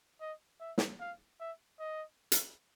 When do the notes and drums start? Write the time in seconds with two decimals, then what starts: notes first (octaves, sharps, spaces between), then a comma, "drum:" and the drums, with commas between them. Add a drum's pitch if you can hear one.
0.21 D#5
0.61 E5
0.78 drum: snare
1.00 F5
1.40 E5
1.79 D#5
2.32 drum: hi-hat